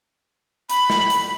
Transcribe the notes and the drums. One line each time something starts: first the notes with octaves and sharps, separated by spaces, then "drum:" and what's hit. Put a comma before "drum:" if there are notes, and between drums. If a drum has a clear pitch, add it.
B5, drum: hi-hat
drum: snare
drum: hi-hat